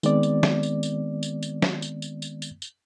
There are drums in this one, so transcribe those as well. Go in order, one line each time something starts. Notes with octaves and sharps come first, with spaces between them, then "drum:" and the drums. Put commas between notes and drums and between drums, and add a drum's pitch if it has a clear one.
D#3 G#3 B3 C4 D5, drum: tambourine
drum: tambourine
drum: snare
drum: tambourine
drum: tambourine
drum: tambourine
drum: tambourine
drum: snare
drum: tambourine
drum: tambourine
drum: tambourine
drum: tambourine
drum: tambourine